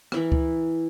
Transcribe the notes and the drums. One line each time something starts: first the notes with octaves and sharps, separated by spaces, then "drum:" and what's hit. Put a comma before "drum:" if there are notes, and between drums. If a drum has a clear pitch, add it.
E3 E4 A#4, drum: rim click
drum: kick C#2